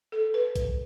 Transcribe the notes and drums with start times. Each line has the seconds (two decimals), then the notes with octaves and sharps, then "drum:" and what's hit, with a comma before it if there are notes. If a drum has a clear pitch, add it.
0.12 A4
0.34 B4
0.56 drum: kick A#1, hi-hat